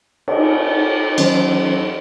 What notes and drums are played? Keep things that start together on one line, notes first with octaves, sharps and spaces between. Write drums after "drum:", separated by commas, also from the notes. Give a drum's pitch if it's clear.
drum: cymbal
E3 F#3 C#4 C5, drum: cymbal